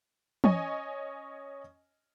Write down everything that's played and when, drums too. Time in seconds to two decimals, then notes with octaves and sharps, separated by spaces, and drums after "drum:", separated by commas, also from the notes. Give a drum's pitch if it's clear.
0.44 C#4 C#5 D#5 G#5, drum: tom